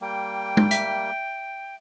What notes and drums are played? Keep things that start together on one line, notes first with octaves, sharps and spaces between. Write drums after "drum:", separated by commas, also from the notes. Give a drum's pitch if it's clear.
G3 A#3 G5
drum: tom
E5 B6, drum: hi-hat